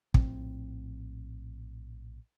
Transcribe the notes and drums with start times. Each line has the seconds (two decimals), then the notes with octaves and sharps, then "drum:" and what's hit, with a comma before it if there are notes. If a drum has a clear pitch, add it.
0.14 A#1 A2 C4, drum: kick